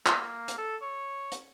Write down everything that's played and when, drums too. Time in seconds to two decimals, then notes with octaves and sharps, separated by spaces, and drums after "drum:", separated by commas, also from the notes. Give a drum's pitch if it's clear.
0.06 A#3, drum: clap
0.48 drum: hi-hat
0.58 A4
0.82 C#5
1.32 drum: hi-hat